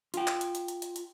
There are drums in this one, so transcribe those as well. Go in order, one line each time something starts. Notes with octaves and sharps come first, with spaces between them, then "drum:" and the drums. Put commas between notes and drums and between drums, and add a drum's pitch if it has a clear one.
F4 G5, drum: hi-hat
drum: clap
drum: hi-hat
drum: hi-hat
drum: hi-hat
drum: hi-hat
drum: hi-hat